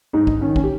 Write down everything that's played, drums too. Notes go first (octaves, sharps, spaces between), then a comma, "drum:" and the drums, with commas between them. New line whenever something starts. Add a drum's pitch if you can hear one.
G#2 D#4
D#4, drum: kick
D#3 C#4
C#4, drum: kick
G4